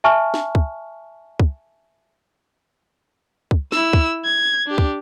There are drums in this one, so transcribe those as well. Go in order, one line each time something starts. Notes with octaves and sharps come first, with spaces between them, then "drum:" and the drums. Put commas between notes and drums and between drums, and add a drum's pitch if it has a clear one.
E5 G#5 A5 C#6 F6
drum: snare
drum: kick
drum: kick
drum: kick
E4 E6, drum: snare
drum: kick
G#6
D4 G4
drum: kick